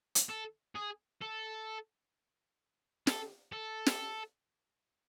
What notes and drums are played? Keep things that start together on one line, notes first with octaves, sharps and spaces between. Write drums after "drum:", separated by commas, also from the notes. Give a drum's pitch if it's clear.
drum: hi-hat
A4
G#4
A4
A4, drum: snare
A4
drum: snare